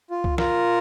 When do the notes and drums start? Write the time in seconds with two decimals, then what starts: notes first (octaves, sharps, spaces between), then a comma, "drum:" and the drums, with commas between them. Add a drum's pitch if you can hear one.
0.10 F4
0.24 drum: kick C2
0.38 F4 A#4, drum: snare